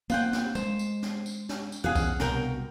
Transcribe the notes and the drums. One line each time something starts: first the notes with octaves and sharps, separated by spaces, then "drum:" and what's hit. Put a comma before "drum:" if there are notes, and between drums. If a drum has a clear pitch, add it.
A#3 C4 F4 F#5 G5, drum: tambourine
drum: snare
G#3 C5, drum: tambourine
drum: tambourine
drum: snare
drum: tambourine
drum: snare
drum: tambourine
E2 G#2 C#3 G#4 F5 F#5
drum: kick B1, tambourine
C2 B2 F#4 A#4 G5, drum: snare